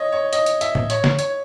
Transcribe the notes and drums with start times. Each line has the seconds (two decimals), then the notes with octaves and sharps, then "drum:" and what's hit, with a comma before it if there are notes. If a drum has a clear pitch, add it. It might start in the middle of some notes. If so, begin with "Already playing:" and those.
Already playing: C#5 D#5
0.12 C#5
0.33 D#5, drum: hi-hat
0.46 drum: hi-hat
0.61 E5, drum: hi-hat
0.75 drum: tom A2
0.90 C#5, drum: hi-hat
1.04 drum: snare
1.19 C#5, drum: hi-hat